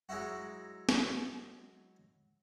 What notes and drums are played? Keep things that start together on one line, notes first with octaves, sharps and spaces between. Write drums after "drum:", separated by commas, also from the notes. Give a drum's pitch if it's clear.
F#3 G#3 D#4 E4 F#4
drum: snare